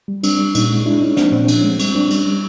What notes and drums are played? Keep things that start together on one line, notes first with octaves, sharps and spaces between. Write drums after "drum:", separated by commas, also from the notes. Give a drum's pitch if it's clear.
G3
G3 C4 D4, drum: cymbal
G3
A#2 C#4 D#4, drum: cymbal
G#3
G#3 D4 E4
G#3 C#4 D#4
F3 C4 D4, drum: snare
A#2 C4 D4
F3 C#4, drum: cymbal
C#4
G#3
C4
G3 C4, drum: cymbal
G3 C4 D4
G3 C#4, drum: cymbal
G3